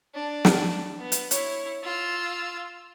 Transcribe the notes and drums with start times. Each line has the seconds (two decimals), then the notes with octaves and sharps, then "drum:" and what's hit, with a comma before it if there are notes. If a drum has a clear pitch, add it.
0.14 D4
0.45 drum: snare
0.99 B3
1.12 drum: hi-hat
1.31 E4 C#5, drum: hi-hat
1.83 F4 E6